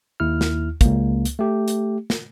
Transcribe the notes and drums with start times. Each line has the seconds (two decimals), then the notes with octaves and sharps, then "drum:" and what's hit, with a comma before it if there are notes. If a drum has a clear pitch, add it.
0.20 D#2 E4 F6
0.41 drum: snare
0.81 C#2 A#3, drum: kick, hi-hat
1.25 drum: hi-hat
1.39 A3 G4
1.68 drum: hi-hat
2.10 drum: snare